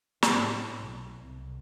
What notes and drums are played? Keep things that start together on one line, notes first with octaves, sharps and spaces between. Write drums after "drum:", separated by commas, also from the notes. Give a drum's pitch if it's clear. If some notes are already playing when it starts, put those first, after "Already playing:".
A2, drum: snare
B1
C2